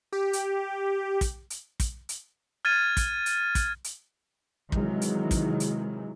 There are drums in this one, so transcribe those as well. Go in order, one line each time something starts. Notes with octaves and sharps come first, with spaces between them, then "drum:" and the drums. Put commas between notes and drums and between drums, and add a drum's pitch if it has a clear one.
G4
drum: hi-hat
drum: kick, hi-hat
drum: hi-hat
drum: kick, hi-hat
drum: hi-hat
F6 G#6 A6 D#7
drum: kick, hi-hat
drum: hi-hat
drum: kick, hi-hat
drum: hi-hat
C3 D#3 E3 F#3 G#3, drum: kick
drum: hi-hat
drum: kick, hi-hat
drum: hi-hat